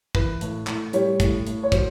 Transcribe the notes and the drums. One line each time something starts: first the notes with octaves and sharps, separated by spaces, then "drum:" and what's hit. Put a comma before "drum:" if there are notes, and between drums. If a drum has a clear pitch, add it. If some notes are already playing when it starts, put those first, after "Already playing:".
E3 B4, drum: kick
A2, drum: hi-hat
A2, drum: clap
G3 C#5, drum: hi-hat
A2, drum: kick, hi-hat
A2, drum: hi-hat
C#5
F#3 C5, drum: kick, hi-hat